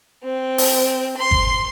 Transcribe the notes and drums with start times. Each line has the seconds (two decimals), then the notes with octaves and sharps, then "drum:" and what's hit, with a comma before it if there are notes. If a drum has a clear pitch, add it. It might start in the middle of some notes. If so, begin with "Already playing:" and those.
0.24 C4
0.58 drum: open hi-hat
1.17 C6
1.31 drum: kick G1